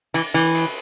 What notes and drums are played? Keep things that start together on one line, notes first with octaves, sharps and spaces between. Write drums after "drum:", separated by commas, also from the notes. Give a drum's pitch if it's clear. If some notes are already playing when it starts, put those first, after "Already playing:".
E3, drum: cymbal
E3, drum: cymbal
drum: cymbal